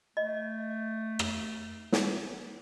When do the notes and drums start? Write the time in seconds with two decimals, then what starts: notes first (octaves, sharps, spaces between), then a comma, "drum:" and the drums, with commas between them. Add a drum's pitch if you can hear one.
0.17 A3 D#5
1.19 drum: rim click
1.92 drum: snare